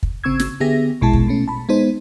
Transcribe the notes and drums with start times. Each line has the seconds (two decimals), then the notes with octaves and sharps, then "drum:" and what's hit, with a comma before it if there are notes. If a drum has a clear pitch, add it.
0.03 drum: kick
0.24 G#1 C#3 C4 C#6 E6 G#6
0.40 drum: snare
0.60 D3 B3 G4 G#4 E5 A#6
1.01 A#1 B2 G#3 E4 A5
1.13 drum: kick
1.28 B2 A3 C#4
1.48 A5 B5
1.69 G#3 B3 D#4 C5